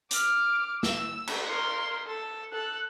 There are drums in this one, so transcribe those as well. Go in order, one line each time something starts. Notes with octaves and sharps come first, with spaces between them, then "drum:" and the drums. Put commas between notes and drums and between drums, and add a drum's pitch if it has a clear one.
D6 F6, drum: hi-hat
E6, drum: snare
drum: cymbal
A#4 C6
A4
A4 F#6